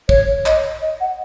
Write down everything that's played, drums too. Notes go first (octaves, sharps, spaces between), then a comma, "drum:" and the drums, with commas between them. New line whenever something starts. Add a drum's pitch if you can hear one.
C#5, drum: kick
D#5, drum: clap
D#5
F#5